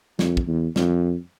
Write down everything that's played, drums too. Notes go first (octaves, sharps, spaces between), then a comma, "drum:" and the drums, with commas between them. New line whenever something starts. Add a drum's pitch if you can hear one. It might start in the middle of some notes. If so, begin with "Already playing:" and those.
F2, drum: snare
drum: kick
E2
F2, drum: snare